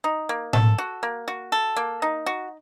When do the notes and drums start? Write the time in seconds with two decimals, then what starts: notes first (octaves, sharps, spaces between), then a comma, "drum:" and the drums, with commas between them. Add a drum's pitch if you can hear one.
0.04 D#4
0.29 A#3
0.53 A4, drum: tom A2
0.78 F#4
1.03 A#3
1.28 F#4
1.52 A4
1.76 A#3
2.02 D#4
2.26 F#4